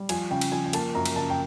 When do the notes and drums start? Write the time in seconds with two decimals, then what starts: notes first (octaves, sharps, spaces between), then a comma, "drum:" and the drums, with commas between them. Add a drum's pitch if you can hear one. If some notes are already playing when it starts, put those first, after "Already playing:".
Already playing: G3
0.09 F3 G#5, drum: cymbal
0.31 C#3 G5
0.41 drum: cymbal
0.52 F3 G#5
0.66 G#5
0.73 A#3 A5, drum: cymbal
0.95 F#2 A#5
1.05 drum: cymbal
1.16 C#3 A5
1.30 G5